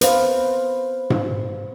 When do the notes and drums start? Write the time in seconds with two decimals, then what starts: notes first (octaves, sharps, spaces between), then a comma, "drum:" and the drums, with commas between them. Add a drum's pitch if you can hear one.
0.01 B4 C5 F5, drum: hi-hat
1.10 drum: tom G#2